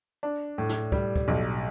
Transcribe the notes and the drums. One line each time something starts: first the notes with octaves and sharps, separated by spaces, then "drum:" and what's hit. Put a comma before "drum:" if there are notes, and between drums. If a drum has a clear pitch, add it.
D4
A2
drum: snare
G3, drum: kick
drum: kick
B1